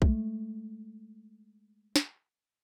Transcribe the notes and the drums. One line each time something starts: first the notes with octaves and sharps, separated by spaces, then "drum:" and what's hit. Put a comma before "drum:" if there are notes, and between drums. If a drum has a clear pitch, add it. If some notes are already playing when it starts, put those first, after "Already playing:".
G#3 A3, drum: kick
drum: snare